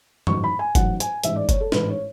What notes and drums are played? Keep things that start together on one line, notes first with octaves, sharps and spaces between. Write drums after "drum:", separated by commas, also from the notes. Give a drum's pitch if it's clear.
A1 G#2 F#3 C#6, drum: tom F#2
B5
G#5
A1 G#2 F#3 F#5, drum: kick F#1, hi-hat
G#5, drum: hi-hat
A1 G#2 G#3 E5, drum: hi-hat
D5
C#5, drum: kick F#1, hi-hat
A4
A1 G#2 G#3 B4, drum: snare
C#5